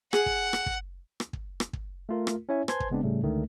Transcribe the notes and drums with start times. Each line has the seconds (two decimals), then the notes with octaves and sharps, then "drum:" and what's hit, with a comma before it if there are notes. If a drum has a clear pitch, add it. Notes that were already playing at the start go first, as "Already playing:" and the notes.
0.13 G#4 F#5, drum: rim click
0.26 drum: kick
0.53 drum: rim click
0.66 drum: kick
1.20 drum: rim click
1.33 drum: kick
1.60 drum: rim click
1.73 drum: kick
2.09 A3 F4 A#4
2.27 drum: rim click
2.49 C#4 E4 C#5 E5 G#5
2.68 B4 C5 G#5 A5 C6 G#6, drum: rim click
2.80 drum: kick
2.91 C#3 G#3 B3 C4 D4
3.03 A2 C#3 G3 A3
3.23 C#2 D3 D#3 G#3 A3